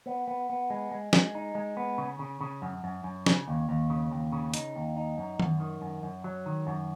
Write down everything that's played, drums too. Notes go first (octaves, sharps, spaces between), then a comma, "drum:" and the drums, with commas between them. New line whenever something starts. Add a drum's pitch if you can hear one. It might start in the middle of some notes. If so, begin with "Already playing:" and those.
B3
B3
B3
G#3
G#3
G#3, drum: snare
D#4
G#3
B3
C#3
C#3
C#3
F#2
F#2
F#2
C#3, drum: snare
D#2
D#2
C#3
D#2
C#3
D#4, drum: hi-hat
D#2
D#4
F#2
F#2, drum: tom D#3
D#3
F#2
F#2
F#3
D#3
F#2